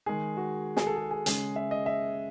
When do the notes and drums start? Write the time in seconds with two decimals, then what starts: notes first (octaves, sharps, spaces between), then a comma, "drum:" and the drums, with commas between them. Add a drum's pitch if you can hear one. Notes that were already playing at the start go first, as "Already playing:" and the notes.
0.06 D#3 G#3 G#4
0.37 F#4
0.77 G#4, drum: snare
0.87 A4
0.97 G#4
1.11 G#4
1.26 C#3 G#3 G#4, drum: hi-hat
1.56 E5
1.71 D#5
1.86 E5